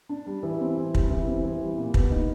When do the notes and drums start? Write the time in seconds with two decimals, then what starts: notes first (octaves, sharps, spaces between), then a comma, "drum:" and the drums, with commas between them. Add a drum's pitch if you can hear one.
0.09 D4
0.26 G3
0.43 E3
0.61 C4
0.77 E3
0.95 G3, drum: kick
1.10 E3
1.27 C4
1.44 E3
1.62 G3
1.78 A#2
1.94 B3, drum: kick
2.11 D#4